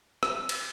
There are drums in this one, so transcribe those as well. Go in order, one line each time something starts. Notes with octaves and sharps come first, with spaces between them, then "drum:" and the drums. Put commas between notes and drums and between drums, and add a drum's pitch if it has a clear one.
E6, drum: rim click
drum: cymbal